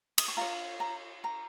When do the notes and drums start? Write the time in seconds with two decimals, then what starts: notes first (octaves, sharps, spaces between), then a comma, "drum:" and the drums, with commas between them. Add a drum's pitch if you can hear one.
0.18 D#6, drum: cymbal
0.28 C#6
0.37 F4 C#5 A#5
0.80 A#5
1.24 A#5